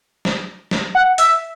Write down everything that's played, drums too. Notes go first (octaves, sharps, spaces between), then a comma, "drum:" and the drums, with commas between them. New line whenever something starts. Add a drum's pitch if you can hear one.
drum: snare
drum: snare
F#5
E5, drum: hi-hat